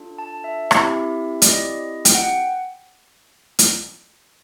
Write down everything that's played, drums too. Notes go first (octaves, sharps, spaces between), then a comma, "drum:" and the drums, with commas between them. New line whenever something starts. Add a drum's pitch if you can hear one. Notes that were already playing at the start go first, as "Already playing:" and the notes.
Already playing: D4 F4 A4
A5
E5
C4 E4 G4, drum: rim click
D5, drum: hi-hat
D#5
G5, drum: hi-hat
F#5
drum: hi-hat